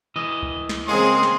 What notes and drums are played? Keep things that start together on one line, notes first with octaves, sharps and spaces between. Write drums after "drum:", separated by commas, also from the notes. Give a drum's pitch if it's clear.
E3 D#5
drum: kick C#2
drum: snare
C#3 G#3 A#3 C4 G#4 C6
drum: snare